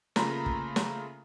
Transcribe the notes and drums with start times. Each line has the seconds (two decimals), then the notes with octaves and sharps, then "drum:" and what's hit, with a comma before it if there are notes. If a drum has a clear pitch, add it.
0.16 C#3 A3 A#3 F4 A#5 B5, drum: snare
0.46 drum: kick
0.76 drum: snare